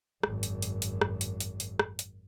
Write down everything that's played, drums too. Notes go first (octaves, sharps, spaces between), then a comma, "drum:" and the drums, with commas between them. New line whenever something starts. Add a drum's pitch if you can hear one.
G#1 F#2, drum: rim click
drum: hi-hat
drum: hi-hat
drum: hi-hat
drum: rim click
drum: hi-hat
drum: hi-hat
drum: hi-hat
drum: rim click
drum: hi-hat